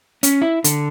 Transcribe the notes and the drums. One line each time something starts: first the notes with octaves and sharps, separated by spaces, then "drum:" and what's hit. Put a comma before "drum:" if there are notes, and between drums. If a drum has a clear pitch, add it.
C#4, drum: hi-hat
E4
D3, drum: hi-hat